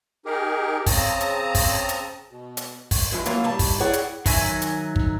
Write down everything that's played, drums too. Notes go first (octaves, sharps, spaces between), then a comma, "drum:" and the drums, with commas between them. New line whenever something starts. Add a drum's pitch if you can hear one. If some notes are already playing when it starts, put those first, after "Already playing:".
D#4 G4 G#4 A#4
C#3 C4 A5 A#5 D#6, drum: kick, open hi-hat
drum: hi-hat
drum: kick, open hi-hat
drum: hi-hat
B2
drum: hi-hat
drum: kick, open hi-hat
E3 F3 G#3
E3 F#3 A#3 F4, drum: hi-hat
G3 D#4 A5
drum: kick, open hi-hat
E4 G#4 C#5 D5 F#5 G5
drum: hi-hat
D#3 F#3 E5 G#5, drum: kick, open hi-hat
drum: hi-hat
drum: kick